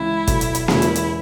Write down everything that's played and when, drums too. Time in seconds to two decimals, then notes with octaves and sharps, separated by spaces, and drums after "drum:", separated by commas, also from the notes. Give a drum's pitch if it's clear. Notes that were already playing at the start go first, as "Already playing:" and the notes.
Already playing: C#2 C#3 E3 E4
0.27 B2 F#3 A3, drum: kick, hi-hat
0.41 drum: hi-hat
0.55 drum: hi-hat
0.68 E2 C#3 G#3 C#4 E4, drum: snare A#3
0.82 drum: hi-hat
0.95 drum: hi-hat